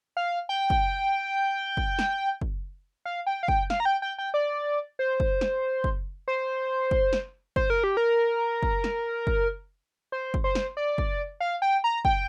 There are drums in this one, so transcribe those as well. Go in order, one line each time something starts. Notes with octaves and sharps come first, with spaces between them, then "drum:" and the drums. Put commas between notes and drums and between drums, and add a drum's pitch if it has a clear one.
F5
G5
drum: kick
drum: kick
drum: snare
drum: kick
F5
G5
F5
G5, drum: kick
F5, drum: snare
A#5
G5
G5
G5
D5
C5
drum: kick
drum: snare
drum: kick
C5
drum: kick
drum: snare
C5, drum: kick
A#4
G4
A#4
drum: kick
drum: snare
drum: kick
C5
drum: kick
C5
drum: snare
D5
drum: kick
F5
G5
A#5
G5, drum: kick